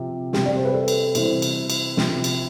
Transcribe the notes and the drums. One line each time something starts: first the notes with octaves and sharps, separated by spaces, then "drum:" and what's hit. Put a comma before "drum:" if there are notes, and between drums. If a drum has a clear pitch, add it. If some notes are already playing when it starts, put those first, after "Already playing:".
Already playing: C3 F3
C3 G3 G4, drum: snare
D5
C5
B4
A4
drum: cymbal
C3 E3 G3 C5, drum: cymbal
drum: cymbal
drum: cymbal
C3 F3, drum: snare
drum: cymbal